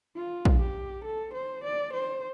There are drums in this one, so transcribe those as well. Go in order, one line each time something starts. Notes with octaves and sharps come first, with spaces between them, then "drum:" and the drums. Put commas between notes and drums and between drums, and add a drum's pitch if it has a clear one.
F4
drum: kick A#1
G4
A4
C5
D5
C5